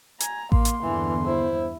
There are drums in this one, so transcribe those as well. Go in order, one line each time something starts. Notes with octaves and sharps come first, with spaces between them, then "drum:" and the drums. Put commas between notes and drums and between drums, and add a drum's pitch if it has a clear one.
G#5 A#5, drum: hi-hat
A#3 C6, drum: kick A1
drum: hi-hat
E2 G2 D3 E3
E4 C5